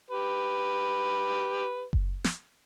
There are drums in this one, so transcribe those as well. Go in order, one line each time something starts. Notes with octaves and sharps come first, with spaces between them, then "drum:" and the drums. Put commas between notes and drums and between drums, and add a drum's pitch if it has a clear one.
G4 B4
drum: kick F#1
drum: snare